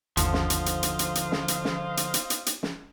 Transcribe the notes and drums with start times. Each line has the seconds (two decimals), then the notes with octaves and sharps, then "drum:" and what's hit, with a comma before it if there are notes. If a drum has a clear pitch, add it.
0.17 G1 D#2 D3 F3 C5 D#5 F5, drum: hi-hat
0.34 drum: snare
0.50 drum: hi-hat
0.66 drum: hi-hat
0.83 drum: hi-hat
0.99 drum: hi-hat
1.15 drum: hi-hat
1.32 drum: snare
1.48 drum: hi-hat
1.65 drum: snare
1.97 drum: hi-hat
2.14 drum: hi-hat
2.30 drum: hi-hat
2.46 drum: hi-hat
2.63 drum: snare